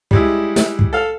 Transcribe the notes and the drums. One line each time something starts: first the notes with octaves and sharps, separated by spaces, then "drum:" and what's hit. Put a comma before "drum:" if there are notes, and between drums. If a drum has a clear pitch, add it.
G3 G#3 E4, drum: kick
drum: snare
drum: kick
A4 F5